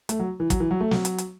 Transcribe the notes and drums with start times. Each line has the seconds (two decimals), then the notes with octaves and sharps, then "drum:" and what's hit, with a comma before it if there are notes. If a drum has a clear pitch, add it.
0.09 A3, drum: hi-hat
0.19 F#3
0.40 E3
0.50 F#3, drum: kick, hi-hat
0.60 E3
0.71 F#3
0.81 A3
0.91 F#3, drum: snare
1.05 drum: hi-hat
1.18 drum: hi-hat